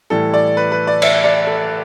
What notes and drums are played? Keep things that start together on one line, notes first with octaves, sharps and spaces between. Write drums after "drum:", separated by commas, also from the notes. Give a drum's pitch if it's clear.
A2 E3 G3 A4
D5
B4
B4
D5
E5, drum: cymbal
D5
A4